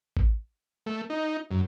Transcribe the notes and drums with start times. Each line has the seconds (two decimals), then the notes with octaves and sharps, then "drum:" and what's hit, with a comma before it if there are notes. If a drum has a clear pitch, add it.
0.17 drum: kick G#1
0.86 A3
1.10 D#4
1.51 F#2